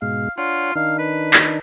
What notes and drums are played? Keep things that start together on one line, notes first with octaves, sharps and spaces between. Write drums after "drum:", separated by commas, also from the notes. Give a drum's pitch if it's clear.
G#2 B2 G#3 F5
D4 F4 C#5 F#5
D#3 D4 D#4 F5
B4
drum: clap